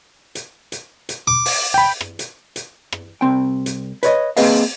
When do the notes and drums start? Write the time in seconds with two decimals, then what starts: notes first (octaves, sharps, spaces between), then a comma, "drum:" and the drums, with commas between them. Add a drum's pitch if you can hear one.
0.35 drum: hi-hat
0.72 drum: hi-hat
1.09 drum: hi-hat
1.27 D6
1.45 drum: open hi-hat
1.74 G5 B5
2.01 drum: rim click
2.19 drum: hi-hat
2.56 drum: hi-hat
2.92 drum: rim click
3.21 C2 C4 G5
3.66 drum: hi-hat
4.03 B4 C#5 D#5, drum: hi-hat
4.37 A#3 C4 G#4 B4 D#5 F5, drum: open hi-hat